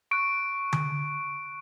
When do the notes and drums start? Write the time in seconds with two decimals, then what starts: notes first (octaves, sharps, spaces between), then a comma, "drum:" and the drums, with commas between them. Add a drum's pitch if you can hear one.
0.11 C#6 F#6 D7
0.73 drum: tom D3